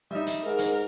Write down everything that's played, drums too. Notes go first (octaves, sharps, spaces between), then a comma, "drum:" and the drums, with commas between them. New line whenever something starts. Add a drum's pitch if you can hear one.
G3 D#4 E5
drum: hi-hat
G#2 A#4
drum: hi-hat